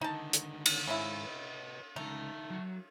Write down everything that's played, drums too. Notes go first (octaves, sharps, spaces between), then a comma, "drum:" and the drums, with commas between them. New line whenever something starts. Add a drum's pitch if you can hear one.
C#2 D3 D#3 D#4 A5
drum: hi-hat
drum: cymbal
G#2 C#3 E4
B4 D#5
C#2 G#2 D3 A3 D#4 A#5
F#3 F#4